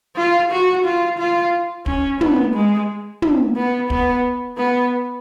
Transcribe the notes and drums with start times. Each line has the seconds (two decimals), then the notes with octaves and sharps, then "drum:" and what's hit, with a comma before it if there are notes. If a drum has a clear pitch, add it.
0.17 F4
0.51 F#4
0.85 F4
1.19 F4
1.86 C#4, drum: kick
2.21 B3, drum: tom
2.54 G#3
3.22 drum: tom
3.56 B3
3.90 B3, drum: kick
4.58 B3